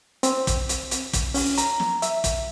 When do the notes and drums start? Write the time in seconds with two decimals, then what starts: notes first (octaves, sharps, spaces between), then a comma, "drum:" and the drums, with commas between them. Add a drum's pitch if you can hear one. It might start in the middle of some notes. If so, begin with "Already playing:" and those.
0.23 C4, drum: hi-hat
0.47 drum: kick, hi-hat
0.69 drum: hi-hat
0.91 drum: hi-hat
1.13 drum: kick, hi-hat
1.34 C#4, drum: open hi-hat
1.58 A#5, drum: hi-hat
1.80 drum: snare
2.02 E5, drum: hi-hat
2.24 drum: kick, hi-hat